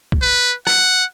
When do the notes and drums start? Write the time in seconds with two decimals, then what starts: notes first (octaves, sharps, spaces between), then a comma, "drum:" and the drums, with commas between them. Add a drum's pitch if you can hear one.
0.12 drum: kick B1
0.22 B4
0.67 F#5, drum: rim click